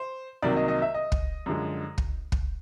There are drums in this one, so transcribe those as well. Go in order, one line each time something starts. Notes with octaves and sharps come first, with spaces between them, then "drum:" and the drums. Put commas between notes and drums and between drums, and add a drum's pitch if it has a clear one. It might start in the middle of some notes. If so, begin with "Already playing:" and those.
Already playing: C5
C2 C3 D#3 F#3 A#3 D5
D#5
D#5
E5
D#5
drum: kick
F#2 D3 F3 G#3
drum: kick
drum: kick